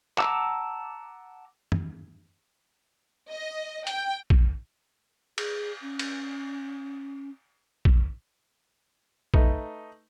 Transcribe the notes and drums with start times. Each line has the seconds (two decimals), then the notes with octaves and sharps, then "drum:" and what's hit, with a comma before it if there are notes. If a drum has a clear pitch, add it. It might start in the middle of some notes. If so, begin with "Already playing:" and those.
0.18 F#5 A5 A#5 D6 E6, drum: clap
1.72 drum: tom
3.31 D#5
3.87 G5, drum: hi-hat
4.30 drum: kick A#1
5.38 G#4, drum: cymbal
5.82 C#4
5.99 drum: cymbal
7.85 drum: kick A#1
9.34 A3 D#4 B4, drum: kick A#1